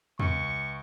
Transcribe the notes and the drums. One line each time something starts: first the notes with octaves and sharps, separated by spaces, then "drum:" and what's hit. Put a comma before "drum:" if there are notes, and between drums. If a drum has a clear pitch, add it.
C#2 C#6, drum: tom E2